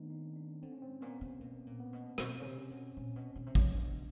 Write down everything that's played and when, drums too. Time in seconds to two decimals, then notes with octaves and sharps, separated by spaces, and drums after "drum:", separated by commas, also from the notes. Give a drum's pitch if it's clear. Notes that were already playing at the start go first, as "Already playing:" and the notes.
Already playing: D#3 A3 B3 C4 D4 D#4
0.10 D#4
0.36 D4
0.62 D3 C4
0.72 C#4
0.82 G#2 C4
1.01 A#2 B3
1.21 C3
1.40 B2 A#3
1.67 A#2
1.80 B3
1.93 B2
2.18 B2 C4, drum: rim click
2.40 C#3
2.45 C3
2.58 C#4
2.71 B2
2.96 A#2 C#4
3.16 B2
3.36 B2
3.46 C3
3.55 C#3, drum: kick A1
3.74 B2 D4